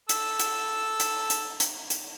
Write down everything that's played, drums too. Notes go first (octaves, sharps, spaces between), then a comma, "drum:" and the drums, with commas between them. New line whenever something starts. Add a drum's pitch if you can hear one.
A4 E6, drum: hi-hat
drum: hi-hat
drum: hi-hat
drum: hi-hat
drum: hi-hat
drum: hi-hat